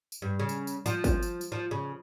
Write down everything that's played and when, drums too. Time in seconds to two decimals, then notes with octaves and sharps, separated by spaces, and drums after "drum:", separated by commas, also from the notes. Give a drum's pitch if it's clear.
0.12 drum: tambourine
0.22 G2
0.40 C#3
0.49 drum: tambourine
0.67 drum: tambourine
0.86 F3, drum: tambourine
1.04 drum: kick, tambourine
1.23 drum: tambourine
1.41 drum: tambourine
1.52 F3
1.71 C#3